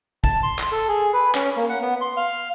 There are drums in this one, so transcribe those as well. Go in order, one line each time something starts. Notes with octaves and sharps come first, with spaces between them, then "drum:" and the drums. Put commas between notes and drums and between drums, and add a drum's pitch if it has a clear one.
A5, drum: kick
C6
drum: clap
A4
G#4
B4
C#4, drum: clap
A#3
F#5
B3
C6
F5